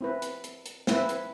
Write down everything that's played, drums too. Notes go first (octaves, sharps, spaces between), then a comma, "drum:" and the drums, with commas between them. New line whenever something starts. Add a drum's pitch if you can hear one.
C4 E4 B4
drum: hi-hat
drum: hi-hat
drum: hi-hat
C4 E4 B4, drum: snare
drum: hi-hat